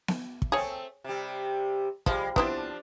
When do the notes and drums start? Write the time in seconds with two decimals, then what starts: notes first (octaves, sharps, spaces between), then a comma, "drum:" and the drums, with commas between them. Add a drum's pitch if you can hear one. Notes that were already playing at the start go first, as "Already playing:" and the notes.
0.08 drum: snare B3
0.42 drum: kick
0.52 A3 C4 G#4 C#5
1.04 C3 G3
2.06 F3 G3 G#3, drum: kick
2.36 F3 B3 C4 D4 E4, drum: kick